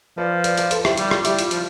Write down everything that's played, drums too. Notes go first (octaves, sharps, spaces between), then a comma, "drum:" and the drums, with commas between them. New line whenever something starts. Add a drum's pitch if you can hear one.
F3 B4 D5
B4 D5, drum: hi-hat
B4 D5, drum: hi-hat
A4 C5, drum: hi-hat
E4 G4, drum: rim click
G3 E4, drum: hi-hat
F4, drum: rim click
G3 E4 G4, drum: hi-hat
F4, drum: hi-hat
F3, drum: hi-hat